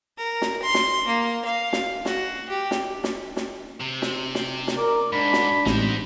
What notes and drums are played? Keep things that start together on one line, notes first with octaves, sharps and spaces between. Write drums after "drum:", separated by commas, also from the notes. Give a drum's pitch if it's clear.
A#4
drum: snare
C6
drum: snare
A#3
F5
drum: snare
F#4, drum: snare
G4
drum: snare
drum: snare
drum: snare
C3
drum: snare
drum: snare
drum: snare
A#4 D5
G#2 D4 B5
drum: snare
A1 G#2 C3 D#4 C5, drum: snare